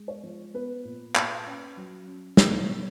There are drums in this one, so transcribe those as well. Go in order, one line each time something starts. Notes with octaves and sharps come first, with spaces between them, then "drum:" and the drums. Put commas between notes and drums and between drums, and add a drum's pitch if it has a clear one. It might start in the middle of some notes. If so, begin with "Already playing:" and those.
Already playing: G#3
C#5
F3
B3 B4
A#2
A#2, drum: clap
C#4
F#3
C#4
B2 C#5, drum: snare
B2